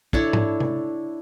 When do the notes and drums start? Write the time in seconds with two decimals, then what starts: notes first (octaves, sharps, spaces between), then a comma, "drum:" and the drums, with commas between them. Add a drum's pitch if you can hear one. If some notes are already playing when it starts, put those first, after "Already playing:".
0.13 D4 E4 A4 C#5, drum: kick
0.33 drum: tom G#2
0.60 drum: tom C3